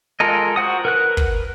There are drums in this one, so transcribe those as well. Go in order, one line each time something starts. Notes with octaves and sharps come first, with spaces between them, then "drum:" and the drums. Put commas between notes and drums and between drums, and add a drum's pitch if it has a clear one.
G#3 F4 A4 A#4 D#5
F#4 C5 F#5 D#6
A#4 B4 F#6
drum: kick